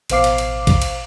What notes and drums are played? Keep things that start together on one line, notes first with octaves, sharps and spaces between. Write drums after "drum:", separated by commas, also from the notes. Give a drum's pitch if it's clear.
A1 B2 C5 F5 D6 C7, drum: cymbal
drum: cymbal
drum: cymbal
drum: kick, cymbal
drum: cymbal